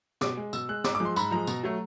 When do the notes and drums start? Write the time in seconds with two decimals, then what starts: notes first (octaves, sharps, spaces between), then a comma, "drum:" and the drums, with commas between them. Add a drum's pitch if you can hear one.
0.21 B2 D6, drum: snare
0.37 G#3
0.53 B2 E6, drum: tambourine
0.69 G#3 F#6
0.84 G#2 D6, drum: snare
0.95 D6
1.00 F3 G#3
1.05 C6
1.16 G#2 B5, drum: tambourine
1.31 F3 G#3 A#5
1.47 B2, drum: tambourine
1.63 F#3 A3